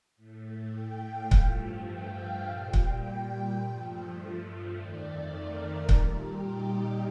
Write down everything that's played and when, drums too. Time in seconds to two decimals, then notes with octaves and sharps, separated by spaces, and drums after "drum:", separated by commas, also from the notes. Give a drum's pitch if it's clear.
0.16 A2 A3
0.73 G5
1.02 F5
1.31 G2 F3 A3, drum: kick C#1
1.89 G5
2.16 F5
2.45 A#2 G3 A5
2.73 G5, drum: kick C#1
3.59 G2 F3 A3
4.74 F2 D#3 A3 D5
5.32 A#4
5.89 A#2 G3 A4, drum: kick C#1
6.18 G4
6.46 D#4